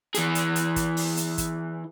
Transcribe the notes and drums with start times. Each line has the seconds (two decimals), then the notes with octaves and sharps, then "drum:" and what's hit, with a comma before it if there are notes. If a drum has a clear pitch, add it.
0.15 E3 G#4, drum: hi-hat
0.35 drum: hi-hat
0.56 drum: hi-hat
0.76 drum: kick, hi-hat
0.97 drum: open hi-hat
1.17 drum: hi-hat
1.38 drum: kick, hi-hat